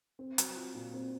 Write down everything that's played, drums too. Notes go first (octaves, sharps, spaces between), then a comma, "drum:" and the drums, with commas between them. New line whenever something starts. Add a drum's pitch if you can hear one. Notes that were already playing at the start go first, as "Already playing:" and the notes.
C4
F#3, drum: hi-hat
F4
A#2
C4